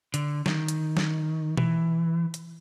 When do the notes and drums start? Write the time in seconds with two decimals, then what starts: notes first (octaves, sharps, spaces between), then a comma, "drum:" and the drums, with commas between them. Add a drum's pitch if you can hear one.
0.14 D3, drum: hi-hat
0.46 D#3, drum: snare
0.68 drum: hi-hat
0.97 drum: snare
1.57 E3, drum: tom B2
2.34 drum: hi-hat